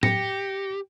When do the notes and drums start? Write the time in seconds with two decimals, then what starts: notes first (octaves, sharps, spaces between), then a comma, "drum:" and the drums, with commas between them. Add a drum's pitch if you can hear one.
0.03 G4 A#6 C#7, drum: tom A2